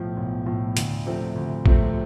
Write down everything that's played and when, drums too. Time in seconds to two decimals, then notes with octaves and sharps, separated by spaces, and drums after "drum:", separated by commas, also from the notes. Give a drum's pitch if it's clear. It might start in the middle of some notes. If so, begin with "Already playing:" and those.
Already playing: B1 A2 F3
0.17 B1
0.46 A2 F3
0.77 D2, drum: hi-hat
1.06 C3 F3 A3 C4
1.36 D2
1.66 C3 F3 A3 C4, drum: kick A1